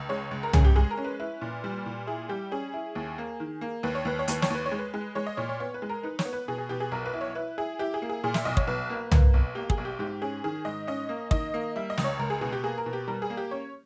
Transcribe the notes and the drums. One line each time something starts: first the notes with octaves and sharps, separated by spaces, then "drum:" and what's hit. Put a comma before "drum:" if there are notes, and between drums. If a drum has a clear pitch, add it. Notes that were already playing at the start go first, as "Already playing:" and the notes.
Already playing: C#2
G#3 C#5
C#2
A#4
C#4 G#4, drum: tom C2
G4
G#3 G#4
A#4
C#4
B4
E4 B4
A#2
G3
A#2
E4 G#4
G3 G4
C#4 G#4
E4
D#2
A#3
D#3
A#3
D#2 B4
C#5
D#2 B4
C#5
D#2 B4, drum: hi-hat
C#5, drum: snare
D#2 B4
C#5
G#3
B4
G#3
G#3 C#5
D#5
A#2 C#5
C#5
B3 C#5
B4
G#3
A#4
D#4 B4
C#5, drum: snare
B3
B4
B2 G#4
G#4
B2 G4
G#4
B1 A#4
B4
E4
C#5
E4 B4
E4 G#4
E4 G4
G#4
A#3
G#4
A#2 G#4
E5, drum: snare
B1 D#5
C#5, drum: kick
B1 B4
A#3
A#3, drum: tom C2
B1
A#3 G4
G#4, drum: kick
B1
G4
G#2 G4
C#4 G#4
D#3 G#4
G#2 D#5
C#4 D#5
A#3
D#3 D#5, drum: kick
A#3
G3 E5
D#5
C#2, drum: snare
C#5
C#2 A#4
G#4
B2 G#4
G4
A#3 G#4
A#4
B2
G4
G3 A#4
G#4
A#3
G4
C#4 C#5